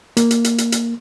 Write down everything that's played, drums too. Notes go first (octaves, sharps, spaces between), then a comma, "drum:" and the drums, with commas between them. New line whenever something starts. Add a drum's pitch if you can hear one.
A#3, drum: hi-hat
drum: hi-hat
drum: hi-hat
drum: hi-hat
drum: hi-hat